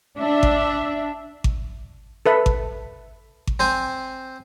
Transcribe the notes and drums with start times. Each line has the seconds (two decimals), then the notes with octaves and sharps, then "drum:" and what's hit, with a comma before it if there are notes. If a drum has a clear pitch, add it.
0.17 D4 E5
0.43 drum: kick G#1
1.44 drum: kick G#1
2.26 A4 B4 E5
2.46 drum: kick G#1
3.47 drum: kick G#1
3.59 C4 C5 G#5